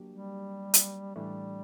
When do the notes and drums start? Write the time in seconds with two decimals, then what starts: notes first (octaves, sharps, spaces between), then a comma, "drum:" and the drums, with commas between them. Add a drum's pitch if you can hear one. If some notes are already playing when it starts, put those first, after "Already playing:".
Already playing: F#3 A#3 D4 G4
0.10 G3
0.74 drum: hi-hat
1.16 A2 E3 G3 A3 D4